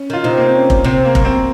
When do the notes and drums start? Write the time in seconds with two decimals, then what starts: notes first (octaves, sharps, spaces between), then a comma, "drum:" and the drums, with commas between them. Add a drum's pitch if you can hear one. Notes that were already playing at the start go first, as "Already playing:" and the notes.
Already playing: C#4
0.10 D#3 F4
0.24 C3 D#4
0.37 A#3
0.47 C4
0.55 C#4
0.70 drum: kick F1
0.84 C3 C4
1.05 A#3
1.15 F#2, drum: kick F1
1.25 C4